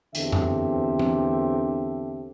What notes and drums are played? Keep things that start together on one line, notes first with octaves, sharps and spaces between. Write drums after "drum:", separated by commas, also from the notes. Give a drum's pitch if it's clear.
E2 D3 C4 G4 A4 E5, drum: hi-hat
drum: tom F2
drum: tom E3